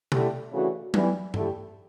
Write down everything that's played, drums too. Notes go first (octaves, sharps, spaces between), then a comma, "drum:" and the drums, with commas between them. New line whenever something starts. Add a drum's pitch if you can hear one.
D3 A3 E4 G4, drum: tom B2
C#3 E3 A3 D4 F#4
E3 G3 B3, drum: tom F#3
D3 A3 E4 G4, drum: tom G2